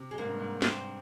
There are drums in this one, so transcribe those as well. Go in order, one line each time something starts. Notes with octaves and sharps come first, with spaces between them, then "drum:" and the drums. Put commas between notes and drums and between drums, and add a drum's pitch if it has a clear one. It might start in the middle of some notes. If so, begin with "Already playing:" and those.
Already playing: C3
G#3
G#2 A#3
G2
G#2
C4, drum: snare